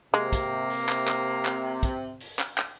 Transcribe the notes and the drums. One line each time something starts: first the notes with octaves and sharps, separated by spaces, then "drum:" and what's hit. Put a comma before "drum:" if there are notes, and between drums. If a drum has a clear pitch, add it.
C3 G#3 A#3
drum: kick, hi-hat
drum: open hi-hat
drum: clap
drum: clap
drum: clap
drum: kick, hi-hat
drum: open hi-hat
drum: clap
drum: clap